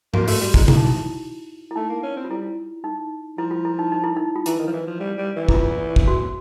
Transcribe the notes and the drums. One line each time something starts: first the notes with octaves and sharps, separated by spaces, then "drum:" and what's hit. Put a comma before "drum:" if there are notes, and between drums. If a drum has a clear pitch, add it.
A#3 F#4, drum: tom G#2
A3 F#4, drum: open hi-hat
G3 F#4
G#3 E4, drum: kick
E4, drum: tom B2
D#4
E4
E4
A3 D#4
A#3
C#4
C4
F4
G3 E4
D#4
F3 E4
F4
E4
D#4
D#4
E4
D#4
F4
E3 E4, drum: hi-hat
D#3
F3
E3
F3
G3
G3
E3
E4, drum: kick
F4
drum: kick
F#4